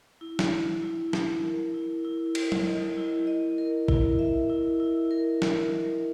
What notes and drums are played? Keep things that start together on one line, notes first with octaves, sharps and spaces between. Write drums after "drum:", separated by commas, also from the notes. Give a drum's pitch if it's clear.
E4
drum: snare
E4
E4
E4, drum: snare
A#4
E4
E4
A#4, drum: cymbal
drum: tom F#3
D#5
E4
D#5
A#4
E4, drum: kick A1
E5
E4
E4
A#4
E4, drum: snare
A#4